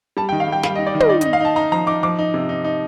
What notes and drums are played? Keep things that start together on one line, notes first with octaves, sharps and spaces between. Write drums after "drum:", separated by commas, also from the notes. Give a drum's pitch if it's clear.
G3 A5
G5
D#3
F5
G3 G5
G3 F5, drum: snare
D#5
D#4
D5
D#3
D#5, drum: tom
D#4 D5
D#5, drum: hi-hat
D#4
F5
D#4 A5
D#4 A#5
F3 A#5
D#4 D6
F3 D6
D#4
C3
D#4
D#4